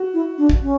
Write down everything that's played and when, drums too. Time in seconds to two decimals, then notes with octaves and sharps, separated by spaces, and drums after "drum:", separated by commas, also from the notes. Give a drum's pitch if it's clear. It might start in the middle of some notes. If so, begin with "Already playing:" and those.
Already playing: F#4
0.14 E4
0.38 D4
0.49 drum: kick A1
0.63 C#4